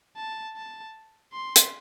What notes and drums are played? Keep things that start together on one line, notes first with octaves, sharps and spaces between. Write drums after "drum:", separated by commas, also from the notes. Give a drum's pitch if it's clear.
A5
A5
C6
drum: hi-hat